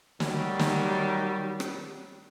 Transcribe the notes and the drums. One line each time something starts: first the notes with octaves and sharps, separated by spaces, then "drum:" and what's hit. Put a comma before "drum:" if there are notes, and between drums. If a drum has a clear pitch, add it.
D#3 F#3 G3, drum: snare
drum: snare
drum: rim click